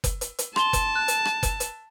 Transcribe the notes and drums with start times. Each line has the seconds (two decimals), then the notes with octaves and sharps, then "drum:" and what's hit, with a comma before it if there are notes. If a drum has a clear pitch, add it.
0.04 drum: kick F#1, hi-hat
0.21 drum: hi-hat
0.39 drum: hi-hat
0.56 A5 C6 G7, drum: rim click
0.73 drum: kick F#1, hi-hat
0.95 F#6
1.08 drum: hi-hat
1.25 drum: rim click
1.43 drum: kick F#1, hi-hat
1.60 drum: hi-hat